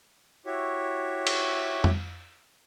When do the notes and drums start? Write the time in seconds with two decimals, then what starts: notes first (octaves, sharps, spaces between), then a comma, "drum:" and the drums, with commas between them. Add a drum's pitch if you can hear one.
0.46 E4 F#4 G4 C#5 E5
1.27 drum: cymbal
1.84 drum: tom F2